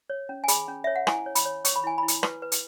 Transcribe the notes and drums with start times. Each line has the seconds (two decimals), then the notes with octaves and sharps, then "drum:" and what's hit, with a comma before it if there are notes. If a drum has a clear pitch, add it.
0.10 C#5
0.29 C#4
0.44 G#5
0.48 G#4 B5, drum: hi-hat
0.68 C#4
0.84 C#5 E5
0.96 F#5
1.07 E4 G#5, drum: rim click
1.26 C#5
1.35 B5, drum: hi-hat
1.45 C#5
1.65 C#5 C#6, drum: hi-hat
1.76 B5
1.84 E4 G#5
1.98 E4 B5
2.08 drum: hi-hat
2.23 B4, drum: rim click
2.42 B4
2.52 drum: hi-hat